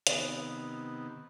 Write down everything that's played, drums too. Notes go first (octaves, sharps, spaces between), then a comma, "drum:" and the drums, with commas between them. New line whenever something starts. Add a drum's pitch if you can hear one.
C3 D#3 B3, drum: hi-hat